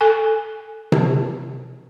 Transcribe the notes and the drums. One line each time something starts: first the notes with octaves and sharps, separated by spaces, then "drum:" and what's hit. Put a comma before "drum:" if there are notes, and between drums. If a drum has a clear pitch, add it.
A4 G#5
drum: tom C3